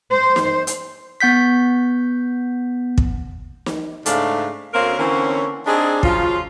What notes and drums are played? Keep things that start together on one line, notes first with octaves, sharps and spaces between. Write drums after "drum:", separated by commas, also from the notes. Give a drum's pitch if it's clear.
C5
drum: snare
drum: hi-hat
B3 F#5 G6 B6
drum: kick
drum: snare
G#2 C#3 A3 D4 F5, drum: hi-hat
D2 A#3 C4 C#4 A#4 F5
D3 E3 A#3 C4 C#4
C4 D4 D#4 G4 G#4
C#3 F3 F#3 F4, drum: kick